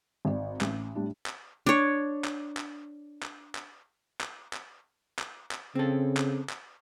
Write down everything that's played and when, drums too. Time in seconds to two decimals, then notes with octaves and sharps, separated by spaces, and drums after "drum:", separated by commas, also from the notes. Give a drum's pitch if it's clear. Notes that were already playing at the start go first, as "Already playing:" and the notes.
0.25 G#1 D5
0.61 A1, drum: clap
0.95 A2 G3 D4
1.26 drum: clap
1.66 D4 C#5
2.24 drum: clap
2.57 drum: clap
3.22 drum: clap
3.55 drum: clap
4.21 drum: clap
4.53 drum: clap
5.19 drum: clap
5.51 drum: clap
5.75 C#3 C4 A4
6.17 drum: clap
6.50 drum: clap